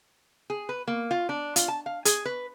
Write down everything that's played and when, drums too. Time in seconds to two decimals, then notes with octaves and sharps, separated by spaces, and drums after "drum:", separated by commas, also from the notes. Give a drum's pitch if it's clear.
0.50 G#4
0.69 B4
0.88 A#3
1.11 F4
1.29 D4
1.56 F4, drum: hi-hat
1.68 A5
1.86 F5
2.05 G#4, drum: hi-hat
2.25 B4